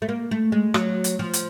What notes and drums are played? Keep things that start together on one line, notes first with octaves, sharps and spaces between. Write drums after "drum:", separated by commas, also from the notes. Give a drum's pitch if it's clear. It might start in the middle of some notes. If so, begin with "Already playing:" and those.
A3
A#3
A3
G#3
F#3, drum: rim click
drum: hi-hat
F3
drum: hi-hat